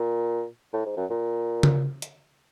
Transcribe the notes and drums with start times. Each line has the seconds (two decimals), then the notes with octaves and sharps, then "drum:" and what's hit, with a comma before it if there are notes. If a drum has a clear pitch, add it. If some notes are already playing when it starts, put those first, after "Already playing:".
Already playing: A#2
0.73 A2
0.85 G#2
0.97 F#2
1.10 A#2
1.63 drum: tom C#3
2.02 drum: hi-hat